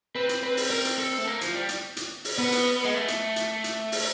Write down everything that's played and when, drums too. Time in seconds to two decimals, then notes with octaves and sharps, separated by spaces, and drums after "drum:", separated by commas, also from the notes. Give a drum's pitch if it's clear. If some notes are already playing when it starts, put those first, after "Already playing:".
0.15 C4 B4
0.29 drum: hi-hat
0.43 B4
0.57 drum: open hi-hat
0.71 A#4
0.85 drum: hi-hat
0.99 A4
1.18 A3
1.27 A#3
1.41 F3, drum: hi-hat
1.55 G3
1.69 drum: hi-hat
1.97 drum: hi-hat
2.24 drum: open hi-hat
2.38 B3
2.52 drum: hi-hat
2.85 G#3
2.94 A3
3.08 drum: hi-hat
3.36 drum: hi-hat
3.64 drum: hi-hat
3.92 drum: open hi-hat